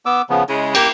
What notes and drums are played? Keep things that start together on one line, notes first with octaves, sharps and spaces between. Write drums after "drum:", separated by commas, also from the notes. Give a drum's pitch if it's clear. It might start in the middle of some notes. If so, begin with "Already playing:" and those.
B3 D6 E6
C#3 F3 B3
C#3 G#3 E4
A#3 G4, drum: cymbal